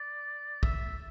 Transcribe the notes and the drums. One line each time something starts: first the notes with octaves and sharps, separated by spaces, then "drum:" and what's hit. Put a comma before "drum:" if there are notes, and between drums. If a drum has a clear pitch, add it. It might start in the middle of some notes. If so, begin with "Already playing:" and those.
Already playing: D5
E5, drum: kick